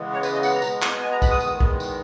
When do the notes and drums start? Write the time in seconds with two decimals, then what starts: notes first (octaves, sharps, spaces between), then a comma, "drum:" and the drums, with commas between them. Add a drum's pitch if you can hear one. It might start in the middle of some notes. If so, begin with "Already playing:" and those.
Already playing: C#3 E3 G#3 B3
0.13 C#5
0.23 B4, drum: tambourine
0.33 D#5
0.43 F#5, drum: tambourine
0.53 A#5
0.62 B2 G#3 B3, drum: tambourine
0.82 drum: clap
1.02 G#5
1.11 A#5
1.22 B5, drum: kick, tambourine
1.31 D#6
1.40 E2 D#3 G#3 B3, drum: tambourine
1.60 drum: kick
1.80 drum: tambourine